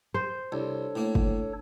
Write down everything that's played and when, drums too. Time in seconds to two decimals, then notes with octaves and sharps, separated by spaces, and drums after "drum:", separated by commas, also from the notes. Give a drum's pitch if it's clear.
0.14 C5
0.52 C2 D4 A4 C#5
0.96 A2 A#3
1.15 drum: kick